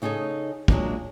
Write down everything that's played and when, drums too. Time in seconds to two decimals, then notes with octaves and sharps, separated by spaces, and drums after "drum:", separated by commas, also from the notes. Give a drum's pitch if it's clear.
0.02 C#3 D#4 G#4 A4 C#5
0.68 A#2 F#3 G#3 A#3 D4, drum: kick